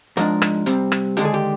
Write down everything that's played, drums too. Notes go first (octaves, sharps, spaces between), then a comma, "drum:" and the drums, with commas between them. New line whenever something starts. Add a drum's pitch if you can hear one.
G#2 F3 G#3 D4 A#4, drum: hi-hat
drum: rim click
C3 G3 C4, drum: hi-hat
drum: rim click
D#2 D3 G#3 D4 G4, drum: hi-hat
G#4
G4